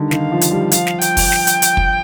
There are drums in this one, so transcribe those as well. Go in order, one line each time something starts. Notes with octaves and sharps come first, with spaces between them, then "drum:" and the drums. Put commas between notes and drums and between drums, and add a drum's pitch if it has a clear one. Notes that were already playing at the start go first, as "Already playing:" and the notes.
Already playing: D3 D#3 G3
D#3 F5, drum: snare
F3
drum: hi-hat
G3
F3 F5, drum: hi-hat
drum: snare
G5, drum: hi-hat
drum: kick, open hi-hat
drum: snare
drum: hi-hat
drum: hi-hat
drum: kick